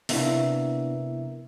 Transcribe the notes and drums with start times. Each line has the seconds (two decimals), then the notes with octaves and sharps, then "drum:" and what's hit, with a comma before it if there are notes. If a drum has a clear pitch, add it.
0.09 C3 B3 D4 E4 A#4 E5, drum: open hi-hat